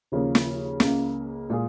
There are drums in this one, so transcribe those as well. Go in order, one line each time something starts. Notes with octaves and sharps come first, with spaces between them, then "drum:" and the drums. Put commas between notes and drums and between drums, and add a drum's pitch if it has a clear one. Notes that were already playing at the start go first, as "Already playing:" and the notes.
D#2 C#3 F3 A#3 C#4
drum: snare
C#2 C#3 A#3, drum: snare
A#2 G#3 F4 G#4